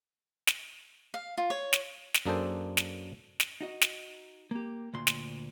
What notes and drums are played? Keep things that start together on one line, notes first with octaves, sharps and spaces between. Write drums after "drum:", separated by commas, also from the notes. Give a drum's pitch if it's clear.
drum: snare
F5
F4
C#5
drum: snare
drum: snare
F#2 A#3 D4 G#4 A4 C5
drum: snare
drum: snare
D#4 F#4 D#5
drum: snare
A#3 G4
D2 A#2 C6
drum: snare